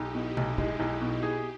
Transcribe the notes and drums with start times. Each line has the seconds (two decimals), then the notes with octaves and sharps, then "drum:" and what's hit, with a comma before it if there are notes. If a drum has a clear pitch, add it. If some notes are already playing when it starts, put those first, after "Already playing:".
Already playing: B1 D#4 G4
0.08 E4
0.15 B2
0.37 B1, drum: tom C3
0.58 G#3, drum: kick
0.80 B1
1.01 B2
1.22 G4 G#4